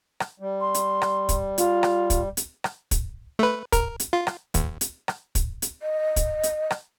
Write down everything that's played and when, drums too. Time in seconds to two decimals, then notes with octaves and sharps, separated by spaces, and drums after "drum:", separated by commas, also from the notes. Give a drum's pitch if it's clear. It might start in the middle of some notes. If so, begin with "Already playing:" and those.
0.20 drum: rim click
0.40 G3
0.61 C6
0.74 drum: hi-hat
1.02 drum: rim click
1.29 drum: kick, hi-hat
1.58 F4, drum: hi-hat
1.83 drum: rim click
2.10 drum: kick, hi-hat
2.37 drum: hi-hat
2.64 drum: rim click
2.91 drum: kick, hi-hat
3.39 A3 B4
3.72 A#4, drum: kick, hi-hat
4.00 drum: hi-hat
4.13 F4
4.27 drum: rim click
4.54 D#2, drum: kick, hi-hat
4.81 drum: hi-hat
5.08 drum: rim click
5.35 drum: kick, hi-hat
5.62 drum: hi-hat
5.82 D#5
6.16 drum: kick, hi-hat
6.43 drum: hi-hat
6.71 drum: rim click